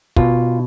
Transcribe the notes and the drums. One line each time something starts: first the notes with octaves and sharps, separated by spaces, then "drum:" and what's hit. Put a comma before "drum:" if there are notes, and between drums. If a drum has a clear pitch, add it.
B2 F4, drum: kick